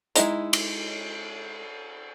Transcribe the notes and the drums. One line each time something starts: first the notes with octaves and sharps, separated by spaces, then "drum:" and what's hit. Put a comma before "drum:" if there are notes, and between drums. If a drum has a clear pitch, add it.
G#3 D#4 E4 D#5 A#5, drum: hi-hat
drum: cymbal